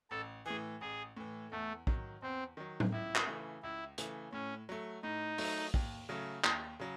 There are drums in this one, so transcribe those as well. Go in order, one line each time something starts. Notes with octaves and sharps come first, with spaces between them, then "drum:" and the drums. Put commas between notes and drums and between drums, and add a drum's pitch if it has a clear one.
A1 A4
A2 E3 G#4
A1 G#4
A2 E3
E2 A3
D#3 F#3, drum: kick
E2 C4
D#3 F#3
drum: tom A2
C#2 E4
drum: clap
C#3 E3 A3
C#2 E4
C#3 E3 A3, drum: hi-hat
A2 C#4
F#3 A3
A2 D#4
F#3 A3, drum: open hi-hat
D#2, drum: kick
C#3 F#3 A3
D#2, drum: clap
C#3 F#3